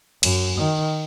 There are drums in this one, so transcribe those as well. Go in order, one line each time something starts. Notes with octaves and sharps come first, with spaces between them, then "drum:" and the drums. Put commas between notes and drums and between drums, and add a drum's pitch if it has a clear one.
F#2, drum: cymbal
D#3